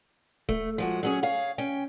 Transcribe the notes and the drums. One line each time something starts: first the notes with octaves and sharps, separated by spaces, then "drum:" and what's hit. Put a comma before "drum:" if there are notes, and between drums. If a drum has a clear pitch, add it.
A3, drum: kick
F3 G#3 F#4
F#3 C#4 G#4
G#4 C#5 F5
C#4 G5